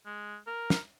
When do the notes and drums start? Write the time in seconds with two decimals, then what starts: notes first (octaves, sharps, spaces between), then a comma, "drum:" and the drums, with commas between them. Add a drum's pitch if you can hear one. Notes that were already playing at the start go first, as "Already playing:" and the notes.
0.06 G#3
0.47 A#4
0.70 drum: snare